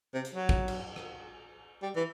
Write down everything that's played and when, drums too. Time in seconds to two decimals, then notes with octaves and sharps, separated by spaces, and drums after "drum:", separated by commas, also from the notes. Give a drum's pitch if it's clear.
0.14 C3
0.25 drum: hi-hat
0.35 F#3
0.49 drum: kick
0.68 drum: cymbal
0.96 drum: rim click
1.82 G3
1.96 E3